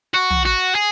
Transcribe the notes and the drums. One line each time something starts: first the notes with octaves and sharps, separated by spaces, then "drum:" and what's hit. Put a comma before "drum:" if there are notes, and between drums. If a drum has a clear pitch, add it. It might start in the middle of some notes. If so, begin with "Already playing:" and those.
F#4
drum: tom
F#4
G#4